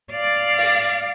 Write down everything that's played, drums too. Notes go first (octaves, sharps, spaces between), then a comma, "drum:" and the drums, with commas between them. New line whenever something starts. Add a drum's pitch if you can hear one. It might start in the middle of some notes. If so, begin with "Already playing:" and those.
D5 F5
drum: open hi-hat